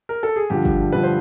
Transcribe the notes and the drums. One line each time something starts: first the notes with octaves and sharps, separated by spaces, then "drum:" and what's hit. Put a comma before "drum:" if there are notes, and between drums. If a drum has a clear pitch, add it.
A#4
A4
G#4
G2 D3 F3 G4
drum: kick
G2 D3 F3 B4
C5